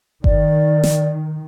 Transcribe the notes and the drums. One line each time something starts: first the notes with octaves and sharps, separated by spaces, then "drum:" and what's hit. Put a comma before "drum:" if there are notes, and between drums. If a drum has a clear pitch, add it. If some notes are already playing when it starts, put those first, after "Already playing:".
D#3 D5, drum: kick G1
drum: snare